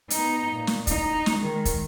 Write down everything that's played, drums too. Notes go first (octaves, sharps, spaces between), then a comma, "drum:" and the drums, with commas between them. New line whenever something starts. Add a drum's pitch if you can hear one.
B3 D#4, drum: hi-hat
A#2
drum: snare
D#4, drum: kick, hi-hat
drum: snare
D#3 G#3
drum: kick, hi-hat